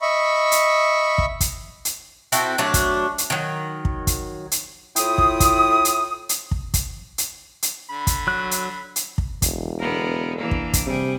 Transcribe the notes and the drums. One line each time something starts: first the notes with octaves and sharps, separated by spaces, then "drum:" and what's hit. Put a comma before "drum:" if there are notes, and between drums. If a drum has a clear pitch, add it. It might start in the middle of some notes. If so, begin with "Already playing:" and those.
D#5 E5 B5 C#6
drum: hi-hat
drum: kick
drum: kick, hi-hat
drum: hi-hat
C4 E4 F#4 A4, drum: hi-hat
F#3 A3 D4 F#4
drum: kick, hi-hat
drum: hi-hat
D#3 F#3
drum: kick
drum: kick, hi-hat
drum: hi-hat
A2 E4 F4 G5 D#6, drum: hi-hat
drum: kick
drum: kick, hi-hat
drum: hi-hat
drum: hi-hat
drum: kick
drum: kick, hi-hat
drum: hi-hat
drum: hi-hat
D3 B5
drum: kick, hi-hat
F#3 F#6
drum: hi-hat
drum: hi-hat
drum: kick
E1, drum: kick, hi-hat
D3 B3 A#4
E3 A#3 D4
drum: kick
drum: kick, hi-hat
C3 G3 G#4